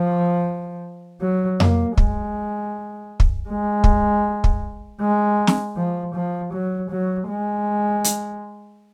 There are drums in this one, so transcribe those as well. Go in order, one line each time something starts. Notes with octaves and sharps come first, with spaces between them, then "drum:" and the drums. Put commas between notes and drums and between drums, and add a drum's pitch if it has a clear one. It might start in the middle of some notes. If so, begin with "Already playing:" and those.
Already playing: F3
F#3
A#3, drum: tom F2
G#3, drum: kick
drum: kick
G#3
drum: kick
drum: kick
G#3
drum: snare
F3
F3
F#3
F#3
G#3
drum: hi-hat